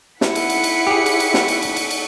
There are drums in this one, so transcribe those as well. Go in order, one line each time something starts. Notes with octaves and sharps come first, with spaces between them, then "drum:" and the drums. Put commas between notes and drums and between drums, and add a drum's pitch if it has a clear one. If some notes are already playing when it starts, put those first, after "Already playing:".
E4 F#5 B6 C#7, drum: snare
drum: cymbal
drum: cymbal
drum: cymbal
G4 G#4
drum: cymbal
drum: cymbal
drum: snare
drum: cymbal
drum: cymbal
drum: cymbal
drum: cymbal